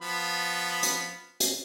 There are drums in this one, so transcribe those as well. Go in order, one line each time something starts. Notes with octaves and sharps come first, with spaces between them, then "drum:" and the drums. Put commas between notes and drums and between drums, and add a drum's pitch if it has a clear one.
F3 B3 B5
drum: hi-hat
drum: hi-hat